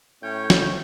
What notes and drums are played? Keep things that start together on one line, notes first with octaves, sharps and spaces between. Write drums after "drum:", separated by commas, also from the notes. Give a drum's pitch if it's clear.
A2 C#4 C#5 G5
drum: snare